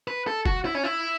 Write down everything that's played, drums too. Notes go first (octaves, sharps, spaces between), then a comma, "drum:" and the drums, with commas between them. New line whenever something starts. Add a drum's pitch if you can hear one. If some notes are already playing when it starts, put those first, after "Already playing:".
B4
A4
F#4, drum: kick F1
E4
C#4
E4